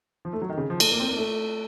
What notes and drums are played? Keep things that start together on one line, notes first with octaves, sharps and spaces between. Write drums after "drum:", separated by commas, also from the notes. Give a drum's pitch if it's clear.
F3
A3
F#3
D#3
C#3
F3
A3, drum: cymbal
A#3
C4
A#3
A3